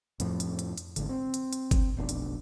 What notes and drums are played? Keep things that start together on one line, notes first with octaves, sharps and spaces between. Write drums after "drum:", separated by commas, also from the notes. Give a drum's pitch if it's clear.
F2 A2 F3, drum: hi-hat
drum: hi-hat
drum: hi-hat
drum: hi-hat
G#1 D3, drum: hi-hat
C4
drum: hi-hat
drum: hi-hat
drum: kick G1, hi-hat
F1 B1 A2 D4
drum: hi-hat